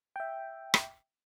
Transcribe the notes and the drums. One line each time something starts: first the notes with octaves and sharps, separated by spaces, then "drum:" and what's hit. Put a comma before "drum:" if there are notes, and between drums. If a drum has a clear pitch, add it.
E5 G5
drum: rim click